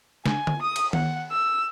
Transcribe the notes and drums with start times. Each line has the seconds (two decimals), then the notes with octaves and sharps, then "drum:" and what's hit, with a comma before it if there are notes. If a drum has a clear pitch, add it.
0.26 G#5, drum: snare
0.47 drum: tom D3
0.62 D#6
0.76 drum: cymbal
0.93 F#5, drum: tom D#3
1.32 E6